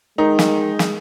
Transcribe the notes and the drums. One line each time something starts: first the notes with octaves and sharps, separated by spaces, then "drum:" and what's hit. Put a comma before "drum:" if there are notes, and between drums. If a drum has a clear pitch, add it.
D#3 G#3 D#4
drum: snare
drum: snare